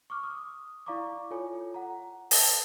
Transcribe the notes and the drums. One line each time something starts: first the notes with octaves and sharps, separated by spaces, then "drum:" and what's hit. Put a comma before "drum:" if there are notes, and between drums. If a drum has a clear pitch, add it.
C#6 D6 F6
D#6
E4 D5 F5 A#5 C#6 D6
F4 A4 C#5 G#5
F#5 A#5
A4 B4 A5 A#6 C7 F7, drum: open hi-hat